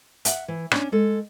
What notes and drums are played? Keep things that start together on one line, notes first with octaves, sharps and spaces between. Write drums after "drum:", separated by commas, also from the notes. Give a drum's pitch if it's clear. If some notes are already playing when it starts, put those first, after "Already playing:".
E5 F#5, drum: hi-hat
E3
C#4 D4 C#5 D5, drum: rim click
G#3 A4